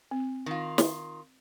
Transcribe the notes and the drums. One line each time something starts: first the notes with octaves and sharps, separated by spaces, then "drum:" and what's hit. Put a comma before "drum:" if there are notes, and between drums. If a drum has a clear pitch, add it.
C4
D#3 F4
drum: snare